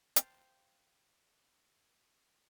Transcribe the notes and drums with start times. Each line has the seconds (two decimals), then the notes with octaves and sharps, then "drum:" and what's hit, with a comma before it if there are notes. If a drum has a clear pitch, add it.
0.16 C5 F5 G5 A5, drum: hi-hat